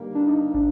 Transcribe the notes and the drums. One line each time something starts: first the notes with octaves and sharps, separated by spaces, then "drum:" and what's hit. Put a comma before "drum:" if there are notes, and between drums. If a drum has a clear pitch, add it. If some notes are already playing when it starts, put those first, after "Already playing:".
Already playing: G1 G2 D#3 G3 A#3
D4
D#4
D4, drum: kick